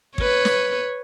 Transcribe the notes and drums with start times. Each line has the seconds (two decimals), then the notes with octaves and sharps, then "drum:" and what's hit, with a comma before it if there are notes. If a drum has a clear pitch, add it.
0.18 B4 C#5, drum: kick
0.45 drum: snare